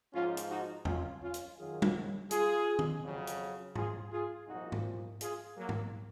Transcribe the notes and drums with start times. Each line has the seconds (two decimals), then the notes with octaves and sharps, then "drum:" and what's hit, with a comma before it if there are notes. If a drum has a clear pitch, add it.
0.13 G#2 F3 C#4 F4
0.37 drum: hi-hat
0.49 D#4 F#4
0.85 C#4 F4, drum: tom E2
1.22 C#4 F4
1.34 drum: hi-hat
1.58 F#2 D#3 F#3 F4 G#4
1.82 drum: tom
2.31 F4 G#4, drum: hi-hat
2.79 drum: tom
3.03 F2 C#3 F#3
3.27 drum: hi-hat
3.75 F4 G#4, drum: tom G#2
4.11 F4 G#4
4.48 C2 A#2 F3 D#4 F#4
4.72 drum: tom G#2
5.21 F4 G#4, drum: hi-hat
5.57 F#3 A#3
5.69 drum: tom G#2